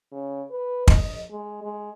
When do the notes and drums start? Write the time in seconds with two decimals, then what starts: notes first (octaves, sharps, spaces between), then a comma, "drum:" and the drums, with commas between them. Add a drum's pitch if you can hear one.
0.12 C#3
0.51 B4
0.88 D#5, drum: kick
1.31 G#3
1.62 G#3